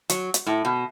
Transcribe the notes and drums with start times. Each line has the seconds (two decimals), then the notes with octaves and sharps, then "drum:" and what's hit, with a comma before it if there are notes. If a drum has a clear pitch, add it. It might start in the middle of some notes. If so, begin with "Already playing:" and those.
0.09 F#3, drum: hi-hat
0.34 drum: hi-hat
0.46 A2
0.65 B2